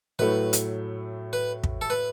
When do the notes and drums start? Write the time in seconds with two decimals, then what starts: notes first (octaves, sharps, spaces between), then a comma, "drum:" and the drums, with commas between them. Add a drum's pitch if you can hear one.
0.19 A2 F#3 A3 E4 B4
0.53 drum: hi-hat
1.33 B4
1.64 drum: kick
1.81 A4
1.90 B4